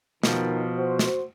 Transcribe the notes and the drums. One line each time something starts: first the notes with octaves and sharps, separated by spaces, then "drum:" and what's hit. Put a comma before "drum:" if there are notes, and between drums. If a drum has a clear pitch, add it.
B2 D#3 F3, drum: snare
F#4 C5
drum: snare